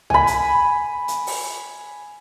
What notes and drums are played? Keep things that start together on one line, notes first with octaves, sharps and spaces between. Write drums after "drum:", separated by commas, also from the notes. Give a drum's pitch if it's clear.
G#5 B5, drum: tom
drum: hi-hat
drum: hi-hat
drum: open hi-hat